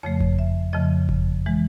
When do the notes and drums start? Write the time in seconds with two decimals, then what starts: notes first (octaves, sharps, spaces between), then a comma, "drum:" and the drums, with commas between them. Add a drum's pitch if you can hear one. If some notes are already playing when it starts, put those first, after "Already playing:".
0.03 F2 C#3 F3 A3 C#5
0.20 drum: kick F#1
0.39 E5
0.73 F2 C#3 F3 A3 D#5
1.09 drum: kick F#1
1.46 E3 G#3